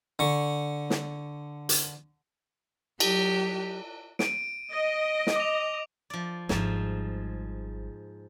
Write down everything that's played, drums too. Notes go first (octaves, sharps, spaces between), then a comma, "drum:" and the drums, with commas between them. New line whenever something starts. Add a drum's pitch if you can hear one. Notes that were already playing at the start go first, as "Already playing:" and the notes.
D3 C#6
drum: snare
drum: hi-hat
F#3 G4, drum: cymbal
D7 D#7, drum: snare
D#5
drum: snare
D6 F7
F3 D5
G#1 G#2 F3 G3, drum: snare